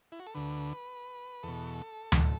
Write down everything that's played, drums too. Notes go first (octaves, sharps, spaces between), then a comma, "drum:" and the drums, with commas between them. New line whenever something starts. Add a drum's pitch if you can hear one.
E4
F#4
A4
D2 D3 B4
E2 B2 A4
drum: tom D2